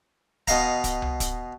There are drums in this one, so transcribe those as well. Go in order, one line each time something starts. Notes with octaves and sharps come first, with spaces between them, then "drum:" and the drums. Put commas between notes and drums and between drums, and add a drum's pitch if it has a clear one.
B2 D#5 F5 A#5, drum: kick, hi-hat
drum: kick, hi-hat
drum: tom C2
drum: kick, hi-hat